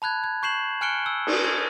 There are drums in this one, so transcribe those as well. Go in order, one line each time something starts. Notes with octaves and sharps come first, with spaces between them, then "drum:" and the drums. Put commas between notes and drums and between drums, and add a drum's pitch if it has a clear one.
A5 B5 F#6 G#6
G#6
C#6 G6 C7 E7 F#7
G#5 F6 F#6 C#7 D7 G7
E6
drum: cymbal
G#6